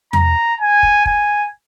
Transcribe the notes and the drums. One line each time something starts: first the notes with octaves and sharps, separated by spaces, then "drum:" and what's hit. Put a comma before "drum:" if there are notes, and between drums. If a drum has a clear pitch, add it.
A#5, drum: tom E2
G#5
drum: kick
G#5, drum: kick